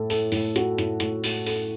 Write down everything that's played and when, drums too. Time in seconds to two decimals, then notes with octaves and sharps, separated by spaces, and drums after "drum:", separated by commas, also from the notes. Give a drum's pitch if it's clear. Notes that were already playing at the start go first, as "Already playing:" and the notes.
Already playing: A2 A4
0.10 A4, drum: open hi-hat
0.32 A2, drum: open hi-hat
0.56 F#4, drum: hi-hat
0.78 A2, drum: hi-hat
1.00 A2, drum: hi-hat
1.24 A2, drum: open hi-hat
1.47 A4, drum: open hi-hat